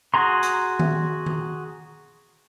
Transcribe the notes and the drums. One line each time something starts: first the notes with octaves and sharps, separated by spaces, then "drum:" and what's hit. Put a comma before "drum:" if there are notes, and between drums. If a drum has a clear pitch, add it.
F#4 G#4 A#5 C6
drum: hi-hat
drum: tom D#3
drum: tom D#3